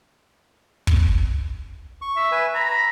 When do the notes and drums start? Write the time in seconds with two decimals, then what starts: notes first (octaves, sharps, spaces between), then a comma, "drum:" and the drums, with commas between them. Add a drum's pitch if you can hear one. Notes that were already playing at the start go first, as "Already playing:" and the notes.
0.87 drum: kick
2.02 C#6
2.16 E5
2.32 B4 G#5
2.55 A#5 B5